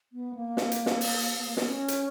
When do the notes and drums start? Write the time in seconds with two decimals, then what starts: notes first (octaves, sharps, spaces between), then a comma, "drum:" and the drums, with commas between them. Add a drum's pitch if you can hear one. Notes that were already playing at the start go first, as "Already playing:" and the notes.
0.12 B3
0.35 A#3
0.57 drum: snare
0.72 drum: hi-hat
0.86 drum: snare
1.01 drum: open hi-hat
1.37 B3
1.45 A#3
1.57 B3, drum: snare
1.67 C#4
1.88 drum: hi-hat